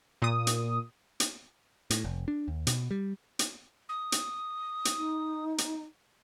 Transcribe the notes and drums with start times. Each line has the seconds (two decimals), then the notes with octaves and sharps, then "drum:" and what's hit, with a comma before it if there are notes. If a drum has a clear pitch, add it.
0.22 A#2 D#6
0.47 drum: hi-hat
1.20 drum: hi-hat
1.90 A2, drum: hi-hat
2.04 F1
2.28 D4
2.48 D#2
2.67 B2, drum: hi-hat
2.91 G3
3.39 drum: hi-hat
3.89 D#6
4.12 drum: hi-hat
4.85 drum: hi-hat
4.96 D#4
5.58 drum: hi-hat